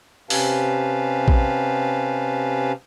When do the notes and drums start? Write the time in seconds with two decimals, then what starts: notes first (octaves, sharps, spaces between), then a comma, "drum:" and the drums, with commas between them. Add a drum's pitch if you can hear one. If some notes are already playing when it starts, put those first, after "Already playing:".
0.30 C3 C#4 G4 B4 F5 A5, drum: open hi-hat
1.28 drum: kick A#1